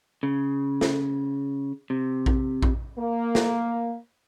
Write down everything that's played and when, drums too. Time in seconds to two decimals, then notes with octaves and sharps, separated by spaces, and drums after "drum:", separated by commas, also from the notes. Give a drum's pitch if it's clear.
0.23 C#3
0.81 drum: snare
1.90 C3
2.26 drum: kick A#1
2.63 drum: kick A#1
2.98 A#3
3.35 drum: snare